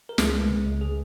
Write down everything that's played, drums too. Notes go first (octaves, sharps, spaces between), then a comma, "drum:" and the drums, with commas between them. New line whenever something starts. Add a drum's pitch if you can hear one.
A#4
C#2 G#4, drum: snare
G#3
C#3
C#2
G#4